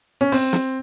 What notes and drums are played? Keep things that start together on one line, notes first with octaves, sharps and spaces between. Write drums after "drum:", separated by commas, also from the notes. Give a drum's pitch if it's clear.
C#4
C4, drum: open hi-hat
drum: snare